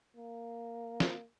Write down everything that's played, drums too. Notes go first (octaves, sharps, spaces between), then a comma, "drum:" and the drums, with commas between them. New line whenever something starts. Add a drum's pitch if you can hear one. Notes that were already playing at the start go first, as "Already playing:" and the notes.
A#3
drum: snare